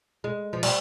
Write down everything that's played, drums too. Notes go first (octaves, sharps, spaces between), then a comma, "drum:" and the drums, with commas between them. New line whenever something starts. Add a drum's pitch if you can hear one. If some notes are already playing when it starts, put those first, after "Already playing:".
G#3
F3
G3, drum: cymbal